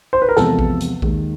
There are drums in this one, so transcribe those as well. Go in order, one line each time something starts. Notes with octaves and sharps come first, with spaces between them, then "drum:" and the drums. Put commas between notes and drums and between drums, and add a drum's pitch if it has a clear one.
C5
B4
A#4
E2 C3 F3 G#3 A4, drum: snare
drum: kick A#1
drum: hi-hat
D#2 D#3 G#3, drum: kick A#1